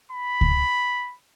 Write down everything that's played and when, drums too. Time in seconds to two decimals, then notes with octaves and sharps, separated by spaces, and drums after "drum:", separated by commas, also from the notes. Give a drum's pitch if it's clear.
0.12 B5
0.41 drum: kick C#2